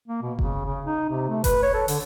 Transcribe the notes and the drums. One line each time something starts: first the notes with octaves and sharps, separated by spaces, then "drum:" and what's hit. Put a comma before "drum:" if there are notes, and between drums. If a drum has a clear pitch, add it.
A#3
B2
C#3, drum: kick F#1
C#3
D#4
C3
A3
B4, drum: kick F#1, hi-hat
C#5
A4
D3, drum: open hi-hat